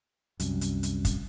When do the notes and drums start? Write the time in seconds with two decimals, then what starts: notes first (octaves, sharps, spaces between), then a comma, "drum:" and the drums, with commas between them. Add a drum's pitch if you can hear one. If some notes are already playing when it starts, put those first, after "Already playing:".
0.40 C2 F#2, drum: hi-hat
0.61 drum: hi-hat
0.83 drum: hi-hat
1.05 drum: kick, hi-hat